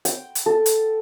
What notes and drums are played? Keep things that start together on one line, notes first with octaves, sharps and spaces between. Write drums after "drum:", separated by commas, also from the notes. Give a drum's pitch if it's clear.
G5, drum: hi-hat
drum: hi-hat
A4
drum: hi-hat